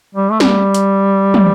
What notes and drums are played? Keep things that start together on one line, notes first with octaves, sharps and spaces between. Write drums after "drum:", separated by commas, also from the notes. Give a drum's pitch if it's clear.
G3
A3
G3, drum: snare
drum: hi-hat
drum: tom